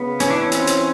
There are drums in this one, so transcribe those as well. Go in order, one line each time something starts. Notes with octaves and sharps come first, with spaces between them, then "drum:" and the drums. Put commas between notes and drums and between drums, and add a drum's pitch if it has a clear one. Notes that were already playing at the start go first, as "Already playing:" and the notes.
Already playing: C#3 B3
E3 C#4, drum: hi-hat
D4
C#4
C4, drum: hi-hat
drum: hi-hat